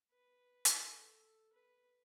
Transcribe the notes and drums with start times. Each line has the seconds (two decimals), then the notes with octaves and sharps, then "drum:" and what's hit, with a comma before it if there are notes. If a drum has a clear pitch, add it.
0.11 B4
0.65 drum: hi-hat
0.83 A4
1.53 B4